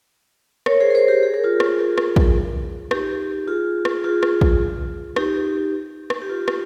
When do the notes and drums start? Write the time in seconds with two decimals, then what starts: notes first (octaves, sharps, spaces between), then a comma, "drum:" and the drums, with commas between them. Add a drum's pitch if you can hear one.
0.66 A#4 C#5, drum: rim click
0.81 G#4 C5
0.90 A#4
0.95 G#4 C5
1.08 G4 A#4
1.23 G#4
1.34 A#4
1.44 F4 G#4
1.60 drum: rim click
1.78 F4 G#4
1.98 drum: rim click
2.16 drum: kick
2.91 D#4 G4, drum: rim click
3.48 F4 G#4
3.85 drum: rim click
4.04 F4 G#4
4.23 drum: rim click
4.41 drum: kick
5.16 D#4 G4, drum: rim click
6.10 drum: rim click
6.22 G4
6.30 F4
6.48 drum: rim click